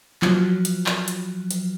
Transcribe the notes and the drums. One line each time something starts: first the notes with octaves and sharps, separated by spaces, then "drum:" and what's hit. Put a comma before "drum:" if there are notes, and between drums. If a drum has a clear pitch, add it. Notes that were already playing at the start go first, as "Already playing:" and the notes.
F3 F#3, drum: clap
drum: hi-hat
drum: clap
drum: hi-hat
drum: hi-hat